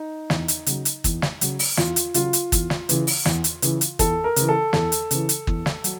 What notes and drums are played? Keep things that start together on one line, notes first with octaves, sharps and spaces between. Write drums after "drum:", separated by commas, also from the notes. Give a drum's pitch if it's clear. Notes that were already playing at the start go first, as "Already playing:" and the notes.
Already playing: D#4
E2, drum: snare
drum: hi-hat
C#3 F#3, drum: hi-hat
drum: hi-hat
E2, drum: kick, hi-hat
drum: snare
C#3 F#3, drum: hi-hat
drum: open hi-hat
E2 F4, drum: snare
drum: hi-hat
C#3 F#3 F4, drum: hi-hat
drum: hi-hat
E2, drum: kick, hi-hat
drum: snare
C#3 E3, drum: hi-hat
drum: open hi-hat
E2, drum: snare
drum: hi-hat
C#3 E3, drum: hi-hat
drum: hi-hat
E2 A4, drum: kick, hi-hat
A#4
C#3 E3, drum: hi-hat
A4
E2 A4, drum: snare
drum: hi-hat
C#3 E3, drum: hi-hat
drum: hi-hat
E2, drum: kick
drum: snare
F#3, drum: hi-hat